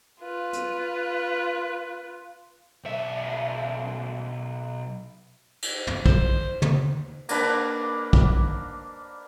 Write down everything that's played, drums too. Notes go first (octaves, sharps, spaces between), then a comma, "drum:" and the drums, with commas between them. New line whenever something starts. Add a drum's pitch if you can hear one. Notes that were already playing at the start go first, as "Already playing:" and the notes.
F4 B4
drum: hi-hat
B1 E5
drum: cymbal
drum: tom
C5, drum: kick
drum: tom
A#3 D4 B4 B5, drum: cymbal
drum: kick